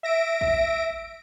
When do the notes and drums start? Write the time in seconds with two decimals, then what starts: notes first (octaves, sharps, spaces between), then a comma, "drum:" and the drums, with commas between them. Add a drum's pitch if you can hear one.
0.03 E5 A#6 D7
0.41 drum: kick